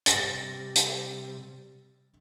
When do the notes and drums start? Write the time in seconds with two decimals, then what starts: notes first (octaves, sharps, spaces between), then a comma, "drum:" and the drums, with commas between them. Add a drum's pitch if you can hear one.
0.06 C3 G3 A6 A#6, drum: hi-hat
0.76 drum: hi-hat